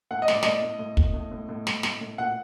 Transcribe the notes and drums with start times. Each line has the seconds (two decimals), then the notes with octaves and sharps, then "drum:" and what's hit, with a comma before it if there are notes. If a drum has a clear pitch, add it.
0.11 A2 F#5
0.22 D#5
0.28 A2 D5, drum: snare
0.43 A2 D#5, drum: snare
0.63 A2
0.79 A2
0.97 A2, drum: kick
1.14 A2
1.32 A2
1.49 A2
1.67 A2, drum: snare
1.83 A2, drum: snare
2.01 A2
2.18 A#2 F#5